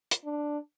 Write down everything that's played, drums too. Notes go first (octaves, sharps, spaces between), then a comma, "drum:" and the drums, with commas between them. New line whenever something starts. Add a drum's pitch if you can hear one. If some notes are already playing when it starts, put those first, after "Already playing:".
drum: hi-hat
D4